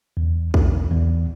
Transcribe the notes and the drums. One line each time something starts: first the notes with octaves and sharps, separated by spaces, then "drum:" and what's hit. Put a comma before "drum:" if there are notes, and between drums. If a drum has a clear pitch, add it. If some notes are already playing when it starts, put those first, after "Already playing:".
E2
E2, drum: kick
E2